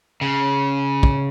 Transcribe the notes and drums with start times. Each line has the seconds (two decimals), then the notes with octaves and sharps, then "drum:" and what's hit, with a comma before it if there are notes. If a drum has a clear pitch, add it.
0.21 C#3
1.03 drum: kick